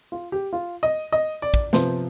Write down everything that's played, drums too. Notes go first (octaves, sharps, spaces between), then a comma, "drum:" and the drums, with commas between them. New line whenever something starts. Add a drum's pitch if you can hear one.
F4
G4
F4
D#5
D#5
D5
drum: kick
C3 F3 B3 C5, drum: snare